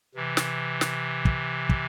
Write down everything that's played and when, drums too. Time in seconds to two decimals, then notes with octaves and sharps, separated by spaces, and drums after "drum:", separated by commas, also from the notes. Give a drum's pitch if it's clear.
0.15 C3 E3
0.37 drum: snare
0.81 drum: snare
1.25 drum: kick
1.69 drum: kick